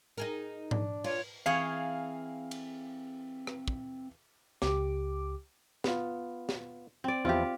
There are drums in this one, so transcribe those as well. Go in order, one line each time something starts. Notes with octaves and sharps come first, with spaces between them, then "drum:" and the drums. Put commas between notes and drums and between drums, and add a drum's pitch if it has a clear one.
D#4 G#4 A#4
D4, drum: tom G#2
F4 C#5, drum: cymbal
E3 C4 G#4 C#5 F5
drum: cymbal
drum: rim click
drum: kick
C#2 G4 D6, drum: snare
B3 F4, drum: snare
drum: snare
C4 D5
E2 F3 E4 F4 G4